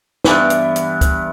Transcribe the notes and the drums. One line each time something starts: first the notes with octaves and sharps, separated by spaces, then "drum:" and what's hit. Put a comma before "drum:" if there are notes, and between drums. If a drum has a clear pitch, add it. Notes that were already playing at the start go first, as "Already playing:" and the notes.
G2 E3 B3 D6, drum: snare
drum: hi-hat
drum: hi-hat
drum: kick, hi-hat